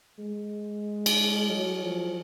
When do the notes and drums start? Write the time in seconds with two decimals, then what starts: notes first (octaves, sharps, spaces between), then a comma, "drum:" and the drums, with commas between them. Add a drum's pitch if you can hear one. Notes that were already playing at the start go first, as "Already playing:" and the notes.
0.19 G#3
1.06 drum: cymbal
1.50 F#3
1.83 F3